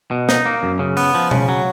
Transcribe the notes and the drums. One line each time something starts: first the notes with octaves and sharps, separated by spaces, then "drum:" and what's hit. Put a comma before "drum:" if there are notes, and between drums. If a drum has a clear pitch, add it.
B2
D#4, drum: snare
A#3
F#2
C#3
B3, drum: open hi-hat
F3
C#3, drum: tom B2
F#3